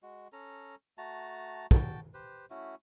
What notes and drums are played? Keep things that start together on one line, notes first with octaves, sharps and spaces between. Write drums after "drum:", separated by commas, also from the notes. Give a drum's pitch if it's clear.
G#3 F#4
C#4 A4 A#5
A3 F#4 A5 A#5
F#4 G5 A5, drum: kick
G4 B4 C5
A3 C#4 E4 F#4